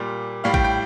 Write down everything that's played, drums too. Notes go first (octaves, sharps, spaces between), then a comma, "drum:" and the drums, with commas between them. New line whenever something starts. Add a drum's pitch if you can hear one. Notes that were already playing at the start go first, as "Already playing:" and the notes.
Already playing: A#2 G3
A2 G3 F5
G5, drum: kick A1
G5